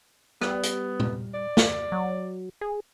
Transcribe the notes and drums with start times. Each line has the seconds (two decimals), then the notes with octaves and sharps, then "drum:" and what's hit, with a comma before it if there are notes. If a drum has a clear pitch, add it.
0.41 G3 B3, drum: rim click
0.63 drum: hi-hat
1.00 drum: tom A#2
1.34 D5
1.57 drum: snare
1.92 F#3
2.61 G#4